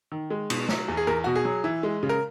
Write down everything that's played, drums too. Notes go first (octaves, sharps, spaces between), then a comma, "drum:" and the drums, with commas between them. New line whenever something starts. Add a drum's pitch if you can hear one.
D#3
G#3
B2, drum: cymbal
F#3, drum: snare
E2
G#4
E2 A#4
B2 F#4
G#4
F#3
E3
G#3
C#3
A#4